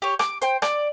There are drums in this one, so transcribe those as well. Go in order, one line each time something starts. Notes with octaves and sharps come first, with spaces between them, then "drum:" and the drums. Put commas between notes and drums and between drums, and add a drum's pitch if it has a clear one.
G4 C#5
D6, drum: rim click
C5 G5, drum: hi-hat
D5, drum: rim click